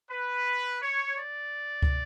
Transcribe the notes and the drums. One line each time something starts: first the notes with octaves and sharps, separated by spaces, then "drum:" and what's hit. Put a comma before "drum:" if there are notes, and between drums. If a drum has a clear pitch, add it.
B4
C#5
D5
drum: kick